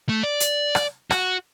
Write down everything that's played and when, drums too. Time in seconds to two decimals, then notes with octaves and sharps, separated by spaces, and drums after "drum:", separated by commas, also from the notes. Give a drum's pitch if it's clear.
0.09 A3
0.23 D5
0.40 drum: hi-hat
0.75 drum: rim click
1.11 F#4, drum: rim click